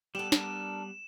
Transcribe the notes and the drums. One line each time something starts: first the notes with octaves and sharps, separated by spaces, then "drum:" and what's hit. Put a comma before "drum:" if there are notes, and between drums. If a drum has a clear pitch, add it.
G3 B3 G4 A4 E7
D4 A4 A#4, drum: snare